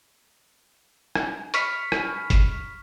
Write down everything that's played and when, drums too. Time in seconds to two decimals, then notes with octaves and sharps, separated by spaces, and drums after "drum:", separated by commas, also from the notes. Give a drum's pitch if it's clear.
1.15 drum: rim click
1.54 B5 C#6 F6 B6, drum: hi-hat
1.92 drum: rim click
2.30 drum: kick F#1, hi-hat